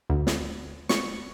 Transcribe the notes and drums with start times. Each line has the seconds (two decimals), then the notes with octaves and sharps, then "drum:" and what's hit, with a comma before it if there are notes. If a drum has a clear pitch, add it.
0.10 D2
0.27 drum: snare
0.89 C#6, drum: snare